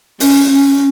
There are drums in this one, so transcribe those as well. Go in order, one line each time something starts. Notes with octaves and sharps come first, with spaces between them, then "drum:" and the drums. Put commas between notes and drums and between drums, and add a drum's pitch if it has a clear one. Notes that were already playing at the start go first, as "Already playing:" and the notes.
C#4, drum: open hi-hat
C#4